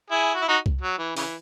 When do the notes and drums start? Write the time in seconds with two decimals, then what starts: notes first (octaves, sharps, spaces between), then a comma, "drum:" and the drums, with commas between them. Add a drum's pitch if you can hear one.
0.10 E4 G#4
0.35 F#4
0.41 E4
0.48 D#4 F#4
0.66 drum: kick C2
0.81 F#3
0.98 E3
1.17 C#3 E3, drum: open hi-hat